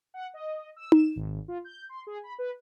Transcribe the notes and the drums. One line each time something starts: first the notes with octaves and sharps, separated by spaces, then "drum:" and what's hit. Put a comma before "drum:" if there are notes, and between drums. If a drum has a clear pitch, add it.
F#5
D#5
E6
E7, drum: tom D#4
G#1
F4
G6
C6
G#4
B5
B4